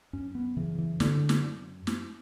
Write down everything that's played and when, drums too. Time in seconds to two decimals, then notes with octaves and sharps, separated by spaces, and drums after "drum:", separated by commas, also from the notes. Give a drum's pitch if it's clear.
0.13 F#2 C#4
0.35 B3
0.57 C#3 E3
0.78 E3
1.00 F#2 D3, drum: snare
1.29 drum: snare
1.87 drum: snare